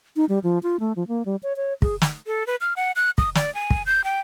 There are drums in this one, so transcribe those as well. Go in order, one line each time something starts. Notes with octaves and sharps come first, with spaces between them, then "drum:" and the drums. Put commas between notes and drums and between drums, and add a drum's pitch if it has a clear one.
D#4
G3
F3
F4
A3
F3
A#3
G3
C#5
C#5
G#4, drum: kick
drum: snare
A4
B4
F6
F#5
F#6
D#6, drum: kick
D5, drum: snare
G#5
drum: kick
G6
G5